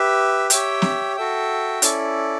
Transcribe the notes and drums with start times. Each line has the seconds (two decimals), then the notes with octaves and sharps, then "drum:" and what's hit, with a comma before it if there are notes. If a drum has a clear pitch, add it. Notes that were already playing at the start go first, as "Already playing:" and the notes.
Already playing: G4 B4 E5
0.50 G4 C#5 E5 G5, drum: hi-hat
0.82 drum: snare
1.16 F#4 A4 E5 G5
1.82 C#4 E4 A4 D5, drum: hi-hat